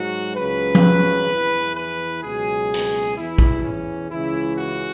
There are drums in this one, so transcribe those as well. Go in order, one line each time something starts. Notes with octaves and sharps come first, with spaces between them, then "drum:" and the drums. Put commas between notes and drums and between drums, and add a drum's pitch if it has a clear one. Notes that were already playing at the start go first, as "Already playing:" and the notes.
Already playing: G#2 F#3 F#4
C#2 C#3 F#3 B4
drum: tom F3
E2 E3
B4
C#2 B2 F#3 G#4
drum: hi-hat
E2 E3 E4
drum: kick
C#4
C#2 C#3 E3 E4
F#4